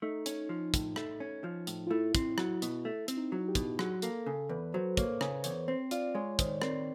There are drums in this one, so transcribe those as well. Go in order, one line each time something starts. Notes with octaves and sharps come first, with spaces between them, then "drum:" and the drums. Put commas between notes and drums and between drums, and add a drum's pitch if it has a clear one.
A3 D#4
C#4, drum: hi-hat
F3
A2, drum: kick, hi-hat
A3, drum: rim click
C#4
F3
A2, drum: hi-hat
F4
A3 E4
C4, drum: kick, hi-hat
F#3, drum: rim click
B2, drum: hi-hat
A3
C4, drum: hi-hat
D#4
F#3
G4
B2, drum: kick, hi-hat
F#3 G#4, drum: rim click
A#3 A4, drum: hi-hat
C#3 A4
E2 B4
F#3 C5
A#3 C#5, drum: kick, hi-hat
C#3 C#5, drum: rim click
E2 C#5, drum: hi-hat
C4 C5
F4 D5, drum: hi-hat
G#3 C#5
D#3 C5, drum: kick, hi-hat
C4 A#4, drum: rim click